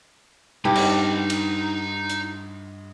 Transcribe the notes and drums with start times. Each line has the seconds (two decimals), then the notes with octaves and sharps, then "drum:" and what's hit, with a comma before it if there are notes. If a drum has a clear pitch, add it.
0.65 G2 D#4 G4 B5
0.75 drum: cymbal
1.30 drum: cymbal
2.10 drum: hi-hat